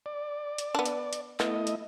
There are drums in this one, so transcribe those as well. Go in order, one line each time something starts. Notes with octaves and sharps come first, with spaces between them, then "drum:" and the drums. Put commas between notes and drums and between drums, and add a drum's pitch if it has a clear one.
D5
drum: hi-hat
B3 D4
drum: hi-hat
drum: hi-hat
A3 B3 E4 D#5, drum: clap
drum: hi-hat